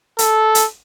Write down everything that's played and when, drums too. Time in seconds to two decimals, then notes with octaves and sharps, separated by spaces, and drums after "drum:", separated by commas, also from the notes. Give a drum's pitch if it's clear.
0.19 A4, drum: hi-hat
0.55 drum: hi-hat